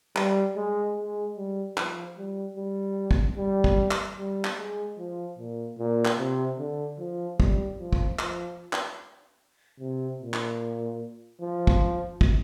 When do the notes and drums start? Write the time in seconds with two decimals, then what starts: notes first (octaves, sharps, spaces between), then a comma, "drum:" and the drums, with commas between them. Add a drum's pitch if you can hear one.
0.16 G3, drum: clap
0.56 G#3
0.97 G#3
1.37 G3
1.77 F3, drum: clap
2.18 G3
2.57 G3
3.11 drum: kick
3.37 G3
3.64 drum: kick
3.91 drum: clap
4.18 G3
4.45 drum: clap
4.57 G#3
4.99 F3
5.38 A#2
5.79 A#2
6.05 drum: clap
6.18 C3
6.59 D3
6.99 F3
7.40 G3, drum: kick
7.79 F3
7.93 drum: kick
8.19 F3, drum: clap
8.73 drum: clap
9.80 C3
10.21 A#2
10.33 drum: clap
11.41 F3
11.67 drum: kick
12.21 drum: kick